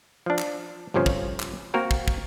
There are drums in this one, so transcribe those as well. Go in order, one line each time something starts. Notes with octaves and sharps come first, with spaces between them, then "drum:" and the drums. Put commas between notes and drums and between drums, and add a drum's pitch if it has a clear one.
F3 D4
drum: clap
G1 C3 F3 C#4 C5
drum: kick
drum: clap
A#3 C4 F#4 A#4 F5
drum: kick
drum: kick